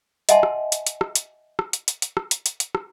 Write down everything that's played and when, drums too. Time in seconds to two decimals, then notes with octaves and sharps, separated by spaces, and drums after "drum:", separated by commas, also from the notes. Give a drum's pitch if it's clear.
0.29 D#5 E5 F#5 G#5 A5 C6, drum: hi-hat
0.43 drum: rim click
0.72 drum: hi-hat
0.87 drum: hi-hat
1.01 drum: rim click
1.15 drum: hi-hat
1.59 drum: rim click
1.73 drum: hi-hat
1.88 drum: hi-hat
2.02 drum: hi-hat
2.17 drum: rim click
2.31 drum: hi-hat
2.46 drum: hi-hat
2.60 drum: hi-hat
2.75 drum: rim click